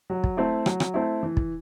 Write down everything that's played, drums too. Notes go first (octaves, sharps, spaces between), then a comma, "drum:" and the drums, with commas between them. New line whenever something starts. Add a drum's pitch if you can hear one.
F#3
drum: kick
A3 C4 E4
F#3, drum: rim click
drum: rim click
A3 C4 E4
E3
drum: kick